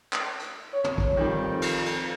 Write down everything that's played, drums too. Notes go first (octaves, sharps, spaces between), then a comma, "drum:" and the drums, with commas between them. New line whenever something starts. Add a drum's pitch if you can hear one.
drum: clap
drum: hi-hat
C#5
drum: tom
drum: kick
F2 D#3 G3
drum: cymbal
drum: cymbal